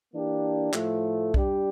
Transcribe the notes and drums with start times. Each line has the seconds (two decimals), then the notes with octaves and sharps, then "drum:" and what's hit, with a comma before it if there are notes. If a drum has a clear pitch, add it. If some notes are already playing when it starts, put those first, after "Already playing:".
0.13 E3 A#3 D4 G4
0.73 A2 F3 A3, drum: clap
1.34 G3 D4 G4, drum: kick B1